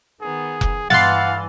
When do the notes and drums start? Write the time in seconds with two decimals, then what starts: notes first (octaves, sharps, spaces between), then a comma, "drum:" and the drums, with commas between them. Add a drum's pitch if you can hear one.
0.22 D#3 B3 G#4
0.61 drum: kick F1
0.90 G2 E3 F5 F#5 C6 F#6 A6, drum: snare